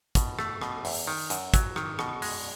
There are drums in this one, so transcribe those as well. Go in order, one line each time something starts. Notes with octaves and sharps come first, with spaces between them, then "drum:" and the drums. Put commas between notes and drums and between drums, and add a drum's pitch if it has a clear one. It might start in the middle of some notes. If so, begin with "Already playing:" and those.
B2, drum: kick, hi-hat
A3, drum: rim click
B2, drum: rim click
E2, drum: open hi-hat
D#3
F#2, drum: hi-hat
F#3, drum: kick, hi-hat
D#3, drum: rim click
B2, drum: rim click
G#3, drum: open hi-hat